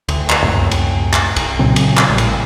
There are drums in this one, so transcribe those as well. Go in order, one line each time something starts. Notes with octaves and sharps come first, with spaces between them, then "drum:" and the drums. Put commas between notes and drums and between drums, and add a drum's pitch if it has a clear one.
D2, drum: cymbal
drum: clap
C#2 F#2 A2 C3
drum: cymbal
drum: clap
C2, drum: cymbal
A#2 C#3 F#3 C4
drum: cymbal
drum: clap
A1 A2 G3
drum: cymbal